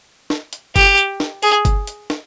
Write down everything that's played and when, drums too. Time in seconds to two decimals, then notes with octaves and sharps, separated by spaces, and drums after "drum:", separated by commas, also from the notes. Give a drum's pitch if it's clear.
0.30 drum: snare
0.53 drum: hi-hat
0.76 G4, drum: kick G1, hi-hat
0.98 drum: hi-hat
1.20 drum: snare
1.43 G#4, drum: hi-hat
1.65 drum: kick G1, hi-hat
1.87 drum: hi-hat
2.10 drum: snare